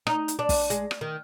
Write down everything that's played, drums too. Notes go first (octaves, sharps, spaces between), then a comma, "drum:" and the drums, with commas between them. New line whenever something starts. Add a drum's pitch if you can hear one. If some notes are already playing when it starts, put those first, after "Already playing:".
D#4, drum: rim click
drum: hi-hat
D4
drum: kick, open hi-hat
G#3, drum: hi-hat
drum: rim click
D#3